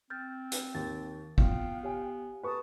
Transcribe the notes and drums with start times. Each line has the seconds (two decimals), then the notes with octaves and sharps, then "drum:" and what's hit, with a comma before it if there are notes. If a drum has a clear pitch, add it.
0.10 C4 F6 G6 A6
0.52 drum: hi-hat
0.75 D#2 A6
1.38 B3 F4 F5 G5, drum: kick G#1
1.83 G4 C#5 G#5
2.43 A4 B4 A5 C#6 D#6